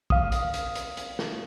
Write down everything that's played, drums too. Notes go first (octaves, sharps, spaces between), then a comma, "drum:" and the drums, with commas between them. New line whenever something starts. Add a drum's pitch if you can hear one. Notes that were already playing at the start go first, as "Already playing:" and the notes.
F5 D#6, drum: kick
drum: hi-hat
drum: hi-hat
drum: hi-hat
drum: hi-hat
drum: snare